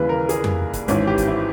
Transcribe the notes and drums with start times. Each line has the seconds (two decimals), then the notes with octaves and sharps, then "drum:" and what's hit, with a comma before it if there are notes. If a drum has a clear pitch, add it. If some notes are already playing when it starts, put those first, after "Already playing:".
Already playing: D#2 C#3 E3 G3 B4
0.09 A#4
0.29 G#4, drum: hi-hat
0.44 drum: tom F2
0.73 drum: kick, hi-hat
0.88 G#1 G#2 E3 C#4, drum: hi-hat
1.07 G4
1.18 drum: kick, hi-hat
1.27 E4